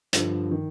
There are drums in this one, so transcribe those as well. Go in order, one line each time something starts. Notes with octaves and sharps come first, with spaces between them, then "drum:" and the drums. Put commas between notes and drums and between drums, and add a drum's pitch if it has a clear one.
G2 D3 F3, drum: hi-hat
D#3